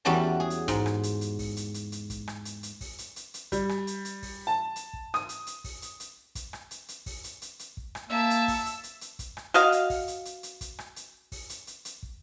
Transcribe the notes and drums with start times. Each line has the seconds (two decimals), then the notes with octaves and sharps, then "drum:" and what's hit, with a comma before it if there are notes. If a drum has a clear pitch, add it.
0.05 E2 G3 C#4 F#4 A5
0.40 G#4
0.50 drum: hi-hat
0.68 G#2, drum: kick, hi-hat
0.86 drum: rim click
1.03 drum: hi-hat
1.21 drum: hi-hat
1.39 drum: kick, open hi-hat
1.57 drum: hi-hat
1.74 drum: hi-hat
1.92 drum: hi-hat
2.10 drum: kick, hi-hat
2.28 drum: rim click
2.45 drum: hi-hat
2.63 drum: hi-hat
2.81 drum: kick, open hi-hat
2.98 drum: hi-hat
3.16 drum: hi-hat
3.34 drum: hi-hat
3.52 G3, drum: kick, hi-hat
3.69 drum: rim click
3.87 drum: hi-hat
4.05 drum: hi-hat
4.23 drum: kick, open hi-hat
4.47 A5
4.76 drum: hi-hat
4.93 drum: kick
5.14 D#6, drum: rim click
5.29 drum: hi-hat
5.47 drum: hi-hat
5.64 drum: kick, open hi-hat
5.82 drum: hi-hat
6.00 drum: hi-hat
6.35 drum: kick, hi-hat
6.53 drum: rim click
6.71 drum: hi-hat
6.88 drum: hi-hat
7.06 drum: kick, open hi-hat
7.24 drum: hi-hat
7.42 drum: hi-hat
7.59 drum: hi-hat
7.77 drum: kick
7.95 drum: rim click
8.10 A#3 E5 A5 E6
8.30 drum: hi-hat
8.48 drum: kick, open hi-hat
8.66 drum: hi-hat
8.84 drum: hi-hat
9.01 drum: hi-hat
9.19 drum: kick, hi-hat
9.37 drum: rim click
9.54 F#4 D#5 F5, drum: hi-hat
9.72 drum: hi-hat
9.90 drum: kick, open hi-hat
10.08 drum: hi-hat
10.25 drum: hi-hat
10.43 drum: hi-hat
10.61 drum: kick, hi-hat
10.79 drum: rim click
10.96 drum: hi-hat
11.32 drum: kick, open hi-hat
11.49 drum: hi-hat
11.67 drum: hi-hat
11.85 drum: hi-hat
12.03 drum: kick